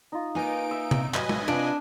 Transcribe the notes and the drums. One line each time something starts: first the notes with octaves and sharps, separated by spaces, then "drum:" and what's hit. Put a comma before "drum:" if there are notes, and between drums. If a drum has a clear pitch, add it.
D#4 F4
A#3 D#4 A#4 B4 F5 G#5 D7
E5
drum: tom C3
A2 F#3 G3 B4 D#5 G#5, drum: clap
drum: tom G#3
C3 D4 D#4 F4